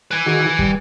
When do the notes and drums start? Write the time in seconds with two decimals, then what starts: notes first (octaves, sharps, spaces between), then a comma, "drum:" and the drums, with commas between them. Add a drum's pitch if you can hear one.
0.11 B4 G#5
0.26 D#3 F#4 G#4
0.59 G3, drum: kick